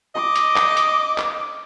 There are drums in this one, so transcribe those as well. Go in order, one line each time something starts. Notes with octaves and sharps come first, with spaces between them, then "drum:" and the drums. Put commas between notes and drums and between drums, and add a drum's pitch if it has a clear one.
D#5 D6
drum: hi-hat
drum: clap
drum: hi-hat
drum: clap